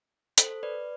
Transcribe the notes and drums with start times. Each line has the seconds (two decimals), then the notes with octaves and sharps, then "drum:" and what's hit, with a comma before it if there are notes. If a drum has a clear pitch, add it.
0.38 A4 C5, drum: hi-hat
0.63 B4 D5